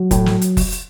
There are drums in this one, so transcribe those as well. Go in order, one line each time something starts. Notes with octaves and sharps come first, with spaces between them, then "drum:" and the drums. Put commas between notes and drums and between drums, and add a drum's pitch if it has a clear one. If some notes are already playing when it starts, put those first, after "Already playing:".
Already playing: F#3
A2, drum: kick F1, hi-hat
drum: snare
drum: hi-hat
drum: kick F1, open hi-hat
drum: hi-hat